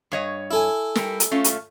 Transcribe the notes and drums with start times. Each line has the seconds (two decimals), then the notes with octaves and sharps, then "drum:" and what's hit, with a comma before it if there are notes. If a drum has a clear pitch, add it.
0.12 G2 C#5 D#5
0.51 E4 A4 G#5
0.95 G3 A#4, drum: snare
1.20 drum: hi-hat
1.31 A3 C#4 F4
1.44 drum: hi-hat